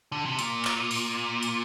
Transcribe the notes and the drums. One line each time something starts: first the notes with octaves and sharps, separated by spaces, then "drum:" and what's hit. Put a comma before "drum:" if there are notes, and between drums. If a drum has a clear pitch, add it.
D3
C3
A#2, drum: hi-hat
drum: clap
drum: open hi-hat
drum: hi-hat